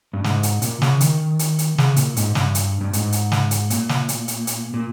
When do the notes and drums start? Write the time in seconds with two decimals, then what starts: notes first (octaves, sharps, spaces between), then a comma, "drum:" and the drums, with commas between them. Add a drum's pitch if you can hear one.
0.13 G2
0.24 G#2, drum: snare
0.43 drum: hi-hat
0.62 A#2, drum: hi-hat
0.82 C#3, drum: snare
1.01 D#3, drum: hi-hat
1.39 drum: hi-hat
1.59 drum: hi-hat
1.78 C#3, drum: snare
1.96 A#2, drum: hi-hat
2.17 G#2, drum: hi-hat
2.35 G2, drum: snare
2.55 drum: hi-hat
2.81 G2
2.93 G#2, drum: hi-hat
3.12 drum: hi-hat
3.32 drum: snare
3.51 drum: hi-hat
3.70 A#2, drum: hi-hat
3.89 drum: snare
4.09 drum: hi-hat
4.28 drum: hi-hat
4.47 drum: hi-hat
4.74 A#2